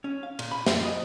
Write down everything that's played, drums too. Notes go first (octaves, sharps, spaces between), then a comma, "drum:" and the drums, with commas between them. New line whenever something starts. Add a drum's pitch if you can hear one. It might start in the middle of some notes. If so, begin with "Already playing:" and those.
C#4
F5
A#2, drum: cymbal
B5
C5, drum: snare
D#5